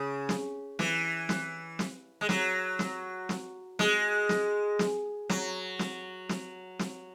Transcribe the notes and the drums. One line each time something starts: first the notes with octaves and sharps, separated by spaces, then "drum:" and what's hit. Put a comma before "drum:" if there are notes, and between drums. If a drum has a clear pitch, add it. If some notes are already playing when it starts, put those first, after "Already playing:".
Already playing: C#3
drum: snare
E3, drum: snare
drum: snare
drum: snare
G#3
F#3, drum: snare
drum: snare
drum: snare
G#3, drum: snare
drum: snare
drum: snare
F#3, drum: snare
drum: snare
drum: snare
drum: snare